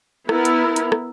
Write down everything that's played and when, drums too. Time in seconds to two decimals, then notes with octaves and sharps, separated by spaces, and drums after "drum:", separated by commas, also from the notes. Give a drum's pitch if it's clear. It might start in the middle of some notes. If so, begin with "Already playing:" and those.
0.29 B3 E4 A#4, drum: rim click
0.45 drum: hi-hat
0.76 drum: hi-hat
0.92 drum: rim click